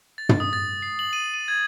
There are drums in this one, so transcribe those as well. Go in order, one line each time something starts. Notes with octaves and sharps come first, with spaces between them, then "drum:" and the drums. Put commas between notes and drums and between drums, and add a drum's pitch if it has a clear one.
A6
drum: tom
D#6
A6
C7
F#7
D#7
D#7
G#6